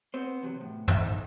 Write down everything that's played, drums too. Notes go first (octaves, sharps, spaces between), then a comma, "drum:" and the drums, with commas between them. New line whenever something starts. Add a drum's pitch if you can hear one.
B3 C4 C5
E2 C3 F#3
A2
E2 F#3 A3 E5, drum: tom
D#3 D#4 A4